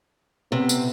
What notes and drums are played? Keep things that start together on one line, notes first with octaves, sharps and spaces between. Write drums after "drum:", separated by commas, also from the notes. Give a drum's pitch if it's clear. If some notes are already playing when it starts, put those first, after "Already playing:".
C3 B3
drum: tambourine